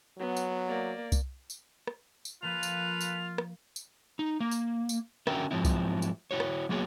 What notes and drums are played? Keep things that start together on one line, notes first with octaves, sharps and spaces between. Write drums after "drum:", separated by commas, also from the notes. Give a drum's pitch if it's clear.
F#3 B3
drum: tambourine
A#3 D5
drum: kick C2, tambourine
drum: tambourine
drum: rim click
drum: tambourine
F3 A#3 F4 A4 B4 F7
drum: tambourine
drum: tambourine
drum: rim click
drum: tambourine
D#4
A#3
drum: tambourine
drum: tambourine
D3 C#4 F#4 A#4 E5 G5, drum: rim click
G#2 F3 F#3 C4 E4
drum: kick C2, tambourine
drum: tambourine
E4 F#4 C#5
drum: rim click
F#3 A#3 B3 F#4 G#4 C#5